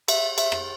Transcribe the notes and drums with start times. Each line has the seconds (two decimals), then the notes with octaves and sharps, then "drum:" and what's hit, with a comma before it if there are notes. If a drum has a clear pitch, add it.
0.08 E5, drum: cymbal
0.38 E5, drum: cymbal
0.52 drum: rim click